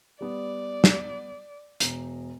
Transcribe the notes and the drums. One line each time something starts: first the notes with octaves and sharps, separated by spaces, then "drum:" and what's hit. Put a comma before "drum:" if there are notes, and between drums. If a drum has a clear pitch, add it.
G3 B3 D5
drum: snare
E1 A#5, drum: hi-hat